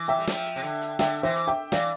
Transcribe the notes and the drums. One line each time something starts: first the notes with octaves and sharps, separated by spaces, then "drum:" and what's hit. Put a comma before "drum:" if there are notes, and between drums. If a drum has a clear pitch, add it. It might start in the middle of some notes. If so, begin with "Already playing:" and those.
Already playing: E3
E5 G5
G3
F3, drum: snare
drum: hi-hat
C3
D3, drum: hi-hat
drum: hi-hat
D3 E5 G5, drum: snare
E3 C5 E5
drum: hi-hat
E5 G5
E3 D5 F5, drum: snare